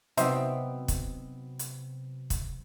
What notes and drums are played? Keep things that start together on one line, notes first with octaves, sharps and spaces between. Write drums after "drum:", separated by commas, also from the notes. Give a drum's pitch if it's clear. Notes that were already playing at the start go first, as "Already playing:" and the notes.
C3 F#3 B3 C4 D#4 C5 D5 E5, drum: hi-hat
drum: kick, hi-hat
drum: hi-hat
drum: kick, hi-hat